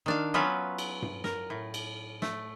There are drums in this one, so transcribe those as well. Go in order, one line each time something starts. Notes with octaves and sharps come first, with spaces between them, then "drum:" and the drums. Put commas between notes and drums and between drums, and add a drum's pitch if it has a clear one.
D#3 D4 F5
F#3 B3 C#4 F4 B4 E5
drum: cymbal
drum: tom G2
A#4, drum: snare
A2
drum: cymbal
A3, drum: snare